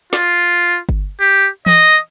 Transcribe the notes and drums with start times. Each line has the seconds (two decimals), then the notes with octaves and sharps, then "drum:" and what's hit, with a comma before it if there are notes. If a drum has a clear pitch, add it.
0.13 F4, drum: snare
0.89 drum: kick G1
1.20 G4
1.66 D#5, drum: tom E3